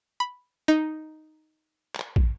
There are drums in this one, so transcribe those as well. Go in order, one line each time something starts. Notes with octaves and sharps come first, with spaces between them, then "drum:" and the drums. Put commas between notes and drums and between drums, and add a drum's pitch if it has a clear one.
B5
D#4
drum: clap
drum: kick